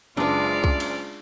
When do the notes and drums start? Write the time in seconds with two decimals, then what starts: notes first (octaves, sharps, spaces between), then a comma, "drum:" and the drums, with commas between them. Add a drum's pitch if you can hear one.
0.17 F#1 G#3 D4 F4 B4 D5
0.64 drum: kick C2
0.80 drum: cymbal